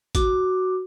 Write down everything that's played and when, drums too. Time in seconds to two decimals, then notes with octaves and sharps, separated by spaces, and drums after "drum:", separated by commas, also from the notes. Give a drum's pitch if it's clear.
0.15 F#4 D6, drum: kick A1, hi-hat